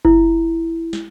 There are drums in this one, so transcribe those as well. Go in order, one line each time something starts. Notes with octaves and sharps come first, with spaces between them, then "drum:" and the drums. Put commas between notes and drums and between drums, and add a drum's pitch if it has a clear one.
E4, drum: kick F#1
drum: snare